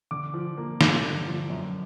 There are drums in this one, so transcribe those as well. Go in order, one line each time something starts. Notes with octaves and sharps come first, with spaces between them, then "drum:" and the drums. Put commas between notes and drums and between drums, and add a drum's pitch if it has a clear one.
D3 D6
F3
A#3
G2 D6, drum: snare
D3
F3
F#2